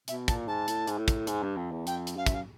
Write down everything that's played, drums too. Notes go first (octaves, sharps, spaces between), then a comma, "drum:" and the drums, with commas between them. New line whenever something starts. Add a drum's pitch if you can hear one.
B2 E5, drum: hi-hat
A#2 A5, drum: kick, hi-hat
G#2 A5
A2, drum: hi-hat
G#2, drum: hi-hat
A2
drum: kick, hi-hat
G#2, drum: hi-hat
G2
F2
E2
F2 G5, drum: hi-hat
drum: hi-hat
F#2 F5
E5, drum: kick, hi-hat
F5